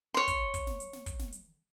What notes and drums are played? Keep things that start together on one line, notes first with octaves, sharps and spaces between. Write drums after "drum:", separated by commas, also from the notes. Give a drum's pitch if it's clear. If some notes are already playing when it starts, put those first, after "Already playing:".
C#5 C6
drum: kick, hi-hat
drum: kick, hi-hat
drum: snare
drum: hi-hat
drum: snare
drum: kick, hi-hat
drum: snare
drum: hi-hat